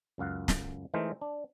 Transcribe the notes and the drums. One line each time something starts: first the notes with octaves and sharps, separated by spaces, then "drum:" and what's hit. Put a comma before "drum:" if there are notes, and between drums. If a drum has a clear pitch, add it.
C#2 F#2 F5 F#5
drum: snare
E3 G#3 A3 D#4 A#4 C5
D4